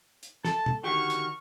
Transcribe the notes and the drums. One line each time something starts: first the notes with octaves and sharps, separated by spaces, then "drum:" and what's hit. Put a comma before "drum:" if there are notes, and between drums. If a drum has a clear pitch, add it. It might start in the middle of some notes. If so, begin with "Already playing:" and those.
drum: hi-hat
A4 A5, drum: snare
drum: tom
D3 D#3 F#4 G4 C#6 F6
drum: hi-hat